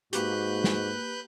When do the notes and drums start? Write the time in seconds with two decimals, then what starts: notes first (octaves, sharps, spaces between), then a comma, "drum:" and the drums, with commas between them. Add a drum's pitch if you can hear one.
0.13 G#2 A#3 F#4 G4 B4 F#6 G6, drum: hi-hat
0.64 drum: snare